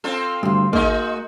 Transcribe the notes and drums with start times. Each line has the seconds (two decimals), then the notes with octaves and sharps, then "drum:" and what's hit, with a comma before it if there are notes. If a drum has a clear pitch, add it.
0.04 C4 F4 A4
0.43 D2 G2
0.73 G#3 A#3 D#4 F#4, drum: kick